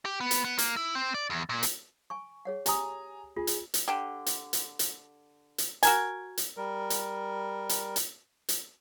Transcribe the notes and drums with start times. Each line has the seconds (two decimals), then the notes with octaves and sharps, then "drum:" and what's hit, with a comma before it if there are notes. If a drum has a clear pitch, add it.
0.05 G4
0.20 B3
0.31 drum: hi-hat
0.44 B3
0.58 A#3, drum: hi-hat
0.76 E4
0.95 C4
1.14 D5
1.30 E2
1.49 A#2
1.63 drum: hi-hat
2.10 G#5 C#6
2.45 G#4 C#5 F#5
2.66 G4 G#5 A#5 D#6, drum: hi-hat
3.36 F4 G#4
3.47 drum: hi-hat
3.74 drum: hi-hat
3.88 D3 G4
4.26 drum: hi-hat
4.53 drum: hi-hat
4.79 drum: hi-hat
5.58 drum: hi-hat
5.83 F#4 A#4 G#5, drum: hi-hat
6.37 drum: hi-hat
6.57 G3 A#4
6.90 drum: hi-hat
7.69 drum: hi-hat
7.96 drum: hi-hat
8.49 drum: hi-hat